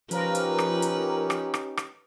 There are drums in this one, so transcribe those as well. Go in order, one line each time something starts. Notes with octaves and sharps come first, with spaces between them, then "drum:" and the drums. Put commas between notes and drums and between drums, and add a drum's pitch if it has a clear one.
F3 C#4 D#4 G4 A#4 B4, drum: hi-hat
drum: hi-hat
drum: rim click
drum: hi-hat
drum: rim click
drum: rim click
drum: rim click